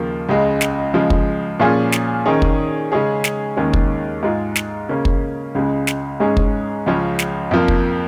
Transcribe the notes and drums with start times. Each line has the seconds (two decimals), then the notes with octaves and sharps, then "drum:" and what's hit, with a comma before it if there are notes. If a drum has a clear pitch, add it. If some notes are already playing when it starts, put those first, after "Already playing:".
Already playing: D#2 C#3 F3 A#3
0.29 C#2 C#3 G#3
0.61 drum: snare
0.94 C#3 F3 G#3
1.10 drum: kick
1.60 A#2 F3 C#4 F4 G#4
1.93 drum: snare
2.26 D#3 C#4 G#4
2.42 drum: kick
2.92 C#3 G#3 C#4 G#4
3.24 drum: snare
3.57 D#2 D#3 G#3 C#4
3.73 drum: kick
4.23 G#2 G#3 F4
4.56 drum: snare
4.89 C#3 A#3 C#4
5.05 drum: kick
5.55 C#2 C#3 G#3
5.87 drum: snare
6.20 G#2 G#3 C#4 G#4
6.37 drum: kick
6.86 C#2 C#3 F3 C#4
7.19 drum: snare
7.51 F2 F3 A#3
7.68 drum: kick